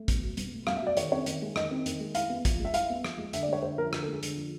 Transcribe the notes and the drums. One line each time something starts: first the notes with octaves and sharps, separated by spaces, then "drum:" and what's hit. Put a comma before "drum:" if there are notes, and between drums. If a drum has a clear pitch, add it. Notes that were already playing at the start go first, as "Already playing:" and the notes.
Already playing: A3
B2, drum: kick, hi-hat
F#3
B2, drum: hi-hat
A3
B2 F5, drum: rim click
E5
F#3 D5
D#3 C#5, drum: hi-hat
C4 C#5
D#3, drum: hi-hat
G#3
D#3 D#5, drum: rim click
C4
D#3, drum: hi-hat
G#3
E4 F5, drum: hi-hat
B3
F3, drum: kick, hi-hat
G#3
E5
E4 F5, drum: hi-hat
B3
F3, drum: rim click
G#3
D3 E5, drum: hi-hat
D5
G#3 C#5
D3 C5
F3 A#4
D3 A#4, drum: rim click
A4
G#3 G#4
D3, drum: hi-hat
F3